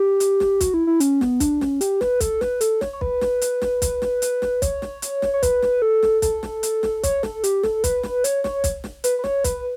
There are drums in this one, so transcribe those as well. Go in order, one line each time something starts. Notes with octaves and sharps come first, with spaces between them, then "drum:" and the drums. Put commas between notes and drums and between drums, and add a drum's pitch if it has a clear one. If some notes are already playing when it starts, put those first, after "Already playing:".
Already playing: G4
drum: hi-hat
drum: snare
F#4, drum: kick, hi-hat
E4
E4
C#4, drum: hi-hat
B3, drum: snare
D4, drum: kick, hi-hat
C#4, drum: snare
G4, drum: hi-hat
B4, drum: snare
A4, drum: kick, hi-hat
B4, drum: snare
A4, drum: hi-hat
C#5, drum: snare
C#5
B4, drum: kick
drum: snare
drum: hi-hat
drum: snare
drum: kick, hi-hat
drum: snare
drum: hi-hat
drum: snare
C#5, drum: kick, hi-hat
drum: snare
drum: hi-hat
drum: snare
C#5
B4, drum: kick, hi-hat
drum: snare
A4
drum: snare
A4, drum: kick, hi-hat
drum: snare
drum: hi-hat
drum: snare
C#5, drum: kick, hi-hat
A4, drum: snare
G4, drum: hi-hat
A4, drum: snare
B4, drum: kick, hi-hat
drum: snare
C#5, drum: hi-hat
C#5, drum: snare
drum: kick, hi-hat
drum: snare
B4, drum: hi-hat
B4
C#5, drum: snare
B4, drum: kick, hi-hat